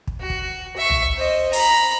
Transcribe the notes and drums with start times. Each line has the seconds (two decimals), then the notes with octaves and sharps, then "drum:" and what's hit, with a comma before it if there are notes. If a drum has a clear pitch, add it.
0.07 drum: kick
0.20 F#4
0.30 drum: kick
0.76 E5 C#6
0.89 drum: tom
1.17 C5 D#5
1.53 A#5 B5, drum: open hi-hat